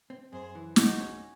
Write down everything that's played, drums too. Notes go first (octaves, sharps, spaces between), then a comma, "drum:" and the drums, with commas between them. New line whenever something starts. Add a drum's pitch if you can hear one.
C4
F#2 G#4 C5
E3
G#3 D#4 F#4, drum: snare
C#4